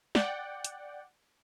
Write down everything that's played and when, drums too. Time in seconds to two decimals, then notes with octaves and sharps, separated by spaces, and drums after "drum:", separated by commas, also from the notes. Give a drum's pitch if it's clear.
0.15 D5 F#5 G5, drum: snare
0.65 drum: hi-hat